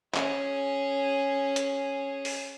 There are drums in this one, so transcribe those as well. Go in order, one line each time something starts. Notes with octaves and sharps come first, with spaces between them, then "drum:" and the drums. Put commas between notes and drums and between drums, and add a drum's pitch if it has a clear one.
C#4 G#4, drum: clap
drum: hi-hat
drum: open hi-hat